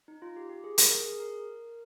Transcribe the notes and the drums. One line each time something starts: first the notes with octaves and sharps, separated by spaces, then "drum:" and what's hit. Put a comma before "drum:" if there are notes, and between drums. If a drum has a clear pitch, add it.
D#4
F4
G4
G4
G#4
A#4, drum: hi-hat
A#4
G#4
A#4